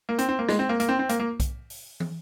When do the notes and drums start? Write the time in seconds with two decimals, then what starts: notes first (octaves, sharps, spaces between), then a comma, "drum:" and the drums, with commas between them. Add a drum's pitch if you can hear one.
0.09 A#3
0.18 C4, drum: hi-hat
0.29 C4
0.39 A#3
0.49 G#3, drum: snare
0.59 C4
0.69 A#3
0.80 A#3, drum: hi-hat
0.89 C4
0.99 C4
1.09 A#3, drum: hi-hat
1.20 A#3
1.40 drum: kick B1, hi-hat
1.70 drum: open hi-hat
2.00 drum: tom